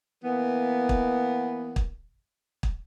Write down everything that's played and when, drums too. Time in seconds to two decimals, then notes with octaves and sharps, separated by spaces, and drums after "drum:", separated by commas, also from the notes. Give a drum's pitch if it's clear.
0.24 E3 A#3 B3
0.89 drum: kick
1.76 drum: kick
2.63 drum: kick